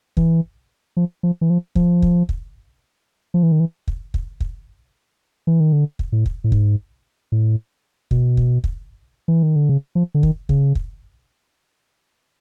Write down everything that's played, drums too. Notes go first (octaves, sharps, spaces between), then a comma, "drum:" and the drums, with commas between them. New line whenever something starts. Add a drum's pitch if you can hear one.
E3, drum: kick
F3
F3
E3
F3
F3, drum: kick
drum: kick
drum: kick
F3
E3
D#3
E3
drum: kick
drum: kick
drum: kick
E3
D#3
D3
drum: kick
A2
drum: kick
A2
G#2, drum: kick
A2
B2, drum: kick
drum: kick
drum: kick
E3
D#3
D3
C#3
F3
D3
D#3, drum: kick
C#3, drum: kick
drum: kick